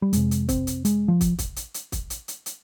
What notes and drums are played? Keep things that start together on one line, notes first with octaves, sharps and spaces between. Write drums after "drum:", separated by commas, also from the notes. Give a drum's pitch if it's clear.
G3
F2 C3 G#3, drum: hi-hat
drum: hi-hat
C4, drum: kick, hi-hat
drum: hi-hat
G#3, drum: hi-hat
F3
drum: kick, hi-hat
drum: kick, hi-hat
drum: hi-hat
drum: hi-hat
drum: kick, hi-hat
drum: hi-hat
drum: hi-hat
drum: hi-hat